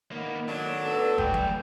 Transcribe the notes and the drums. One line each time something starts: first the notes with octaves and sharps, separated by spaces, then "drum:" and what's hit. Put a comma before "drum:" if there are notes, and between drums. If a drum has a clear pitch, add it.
D#3 A#3 B3
A2 F#3 D4
B3 A4
G#3 D5 G5, drum: kick
drum: tom F3